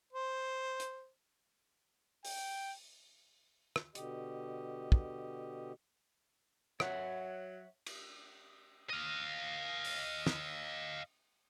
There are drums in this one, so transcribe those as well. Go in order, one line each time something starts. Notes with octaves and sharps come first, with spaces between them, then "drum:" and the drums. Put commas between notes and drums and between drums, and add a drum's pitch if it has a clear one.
C5
drum: hi-hat
G5, drum: open hi-hat
drum: rim click
B2 D3 G4 D#5, drum: hi-hat
drum: kick
F#3 C#5 E5 F#5, drum: rim click
drum: cymbal
D#5 F5
drum: open hi-hat
drum: snare